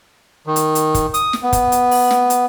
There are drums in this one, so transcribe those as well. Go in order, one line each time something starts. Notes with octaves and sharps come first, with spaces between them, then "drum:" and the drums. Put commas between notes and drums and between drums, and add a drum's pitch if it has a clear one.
D#3
drum: hi-hat
drum: hi-hat
drum: kick, hi-hat
D#6, drum: hi-hat
drum: snare
B3
drum: kick, hi-hat
drum: hi-hat
drum: open hi-hat
drum: snare
drum: hi-hat